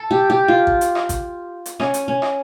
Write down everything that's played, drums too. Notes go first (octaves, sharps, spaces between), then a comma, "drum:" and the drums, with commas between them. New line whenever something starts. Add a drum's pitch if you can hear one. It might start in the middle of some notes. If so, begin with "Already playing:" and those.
Already playing: A4
G4
G4
F4
drum: kick A1
drum: hi-hat
drum: rim click
drum: kick A1, hi-hat
drum: hi-hat
C#4, drum: rim click
drum: hi-hat
C#4
drum: rim click